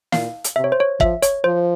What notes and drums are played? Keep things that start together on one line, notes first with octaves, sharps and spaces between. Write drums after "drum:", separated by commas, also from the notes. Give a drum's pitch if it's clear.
A#2 F5, drum: snare
drum: hi-hat
C3 E5
C#5
C5
C#5
F3 E5, drum: kick
C#5, drum: hi-hat
F3 C5